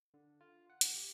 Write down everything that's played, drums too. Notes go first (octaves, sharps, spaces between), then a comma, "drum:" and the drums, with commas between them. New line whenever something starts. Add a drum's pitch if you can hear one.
D3
F4
F#5
drum: hi-hat
G4